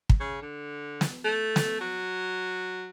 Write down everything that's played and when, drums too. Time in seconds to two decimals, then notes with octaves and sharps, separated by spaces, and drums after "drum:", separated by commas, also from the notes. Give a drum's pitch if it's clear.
0.10 drum: kick
0.20 C#3
0.42 D3
1.01 drum: snare
1.24 A3
1.56 drum: snare
1.80 F#3